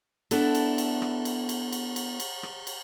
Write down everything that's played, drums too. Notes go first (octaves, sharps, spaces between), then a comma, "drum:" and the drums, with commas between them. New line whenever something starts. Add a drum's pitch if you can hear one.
B3 D4 E4 A4, drum: cymbal
drum: cymbal
drum: cymbal
drum: rim click
drum: cymbal
drum: cymbal
drum: cymbal
drum: cymbal
drum: cymbal
drum: rim click
drum: cymbal